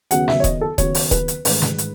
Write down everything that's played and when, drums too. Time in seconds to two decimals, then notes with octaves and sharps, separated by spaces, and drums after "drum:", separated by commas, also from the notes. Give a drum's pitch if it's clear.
0.11 D#2 C#3 F#3 B3 F#5, drum: hi-hat
0.28 E5, drum: snare
0.40 C#5
0.44 D#5, drum: kick D#1, hi-hat
0.61 A4
0.78 D#2 C#3 F#3 B3 C#5, drum: kick D#1, hi-hat
0.95 drum: open hi-hat
1.11 B4, drum: kick D#1, hi-hat
1.28 drum: hi-hat
1.45 A1 G#2 D#3 B4, drum: open hi-hat
1.62 drum: snare
1.78 drum: hi-hat